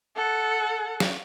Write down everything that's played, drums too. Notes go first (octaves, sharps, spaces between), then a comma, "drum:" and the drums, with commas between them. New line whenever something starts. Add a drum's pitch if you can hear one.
A4 F#5
drum: snare